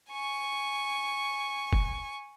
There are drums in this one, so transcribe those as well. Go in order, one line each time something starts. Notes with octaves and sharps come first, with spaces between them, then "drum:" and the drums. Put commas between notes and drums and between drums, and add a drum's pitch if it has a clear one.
G#5 C#6
drum: kick